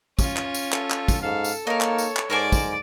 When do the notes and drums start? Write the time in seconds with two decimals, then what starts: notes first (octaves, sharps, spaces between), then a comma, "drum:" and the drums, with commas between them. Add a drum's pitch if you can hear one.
0.19 C#4 F4, drum: kick, tambourine
0.36 drum: clap
0.54 drum: tambourine
0.72 A4, drum: clap
0.90 drum: clap
1.08 drum: kick, tambourine
1.22 G#2 A4 F5
1.44 drum: tambourine
1.67 A#3 D#4 A#4 C#5
1.80 drum: clap
1.98 drum: tambourine
2.16 drum: clap
2.30 G#2 A#4 C5 D5 G#5 D6
2.52 drum: kick, tambourine